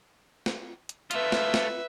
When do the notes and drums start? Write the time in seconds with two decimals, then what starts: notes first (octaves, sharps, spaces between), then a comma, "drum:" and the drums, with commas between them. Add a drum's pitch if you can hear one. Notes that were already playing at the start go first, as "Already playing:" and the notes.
0.46 drum: snare
0.89 drum: hi-hat
1.11 A3 F4 B4 E5, drum: hi-hat
1.32 drum: snare
1.54 drum: snare